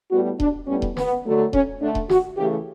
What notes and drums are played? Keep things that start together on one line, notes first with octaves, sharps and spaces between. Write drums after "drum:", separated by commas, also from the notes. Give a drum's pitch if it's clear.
A2 G3 B3 F#4
D4, drum: kick D#1
A2 G3 B3 C#4
drum: kick D#1
B3, drum: snare
D3 F#3 A3
C#4, drum: kick D#1
D3 A3 D4
drum: kick D#1
F#4, drum: snare
C#3 E3 A3 G4